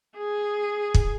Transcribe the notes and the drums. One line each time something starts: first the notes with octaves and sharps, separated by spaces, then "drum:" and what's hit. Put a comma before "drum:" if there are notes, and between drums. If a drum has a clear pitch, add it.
G#4
drum: kick